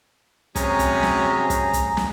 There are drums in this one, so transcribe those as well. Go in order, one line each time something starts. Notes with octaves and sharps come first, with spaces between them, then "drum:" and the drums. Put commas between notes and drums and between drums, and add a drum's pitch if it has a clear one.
C3 F#3 C#4 G#4 A#5, drum: kick, hi-hat
drum: kick, hi-hat
drum: snare
drum: kick, hi-hat
drum: kick, hi-hat
drum: snare